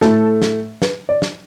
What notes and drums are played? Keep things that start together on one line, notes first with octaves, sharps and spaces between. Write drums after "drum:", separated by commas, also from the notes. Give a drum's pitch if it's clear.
A2 A3 A4, drum: snare
drum: snare
B4, drum: snare
D5
drum: snare